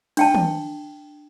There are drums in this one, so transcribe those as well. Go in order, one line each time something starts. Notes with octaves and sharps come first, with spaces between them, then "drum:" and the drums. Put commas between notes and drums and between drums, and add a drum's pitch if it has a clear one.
D4 G5 A5, drum: cymbal
drum: tom D#3